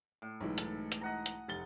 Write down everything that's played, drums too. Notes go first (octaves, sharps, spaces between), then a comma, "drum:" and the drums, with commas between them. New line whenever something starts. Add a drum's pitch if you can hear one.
A2
B1 G#2 E3
A4, drum: hi-hat
drum: hi-hat
D#5 F#5 A#5
drum: hi-hat
F1 A6 G7